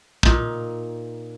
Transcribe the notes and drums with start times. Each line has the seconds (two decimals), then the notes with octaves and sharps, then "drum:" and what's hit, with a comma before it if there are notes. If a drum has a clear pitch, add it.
0.23 A#2 D#4, drum: kick